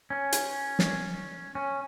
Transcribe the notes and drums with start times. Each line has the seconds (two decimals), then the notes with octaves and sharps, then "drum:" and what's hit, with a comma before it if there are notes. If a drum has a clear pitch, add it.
0.10 C#4
0.32 drum: hi-hat
0.79 drum: snare
1.55 C#4